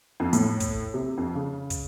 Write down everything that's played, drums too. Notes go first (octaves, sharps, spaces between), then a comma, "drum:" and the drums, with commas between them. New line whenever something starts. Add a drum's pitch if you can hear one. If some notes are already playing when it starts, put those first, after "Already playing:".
F2
A2, drum: hi-hat
drum: kick, hi-hat
C3
F2
C#3
drum: kick, hi-hat